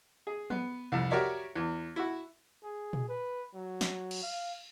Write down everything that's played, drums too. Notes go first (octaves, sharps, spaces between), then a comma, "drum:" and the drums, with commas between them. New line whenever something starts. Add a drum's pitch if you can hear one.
G#4
B3, drum: tom F3
C2 F2
F#4 G4 A#4 C#5 D5 E5
E2
E4 F#4
G#4
drum: tom A#2
B4
F#3
drum: snare
drum: cymbal
F5